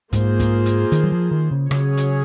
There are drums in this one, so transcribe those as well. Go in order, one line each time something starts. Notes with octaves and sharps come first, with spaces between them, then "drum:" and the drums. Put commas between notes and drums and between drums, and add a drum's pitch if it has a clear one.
G#2 A#3 F4 G#4 C5, drum: kick, hi-hat
drum: kick, hi-hat
drum: hi-hat
D#3, drum: hi-hat
F#3
F3
D#3
C#3
C#3 F#3 C#4 G#4 C#5, drum: rim click
drum: hi-hat